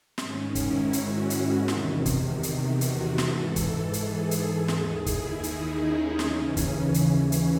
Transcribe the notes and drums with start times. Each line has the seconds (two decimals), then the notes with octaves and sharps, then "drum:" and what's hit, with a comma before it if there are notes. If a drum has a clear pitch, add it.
0.18 G#2 D#3 C#4, drum: snare
0.55 E4, drum: kick, hi-hat
0.93 F#4, drum: hi-hat
1.30 E4, drum: hi-hat
1.68 E2 C3 D#3, drum: snare
2.06 drum: kick, hi-hat
2.43 drum: hi-hat
2.81 F#4, drum: hi-hat
3.18 G#2 E3 A4, drum: snare
3.56 drum: kick, hi-hat
3.93 G#4, drum: hi-hat
4.31 drum: hi-hat
4.68 D#2 D#3 G#4, drum: snare
5.06 E4, drum: kick, hi-hat
5.43 D#4, drum: hi-hat
5.82 C#4
6.19 D#2 C#3 E3 C#4, drum: snare
6.57 drum: kick, hi-hat
6.94 drum: hi-hat
7.32 drum: hi-hat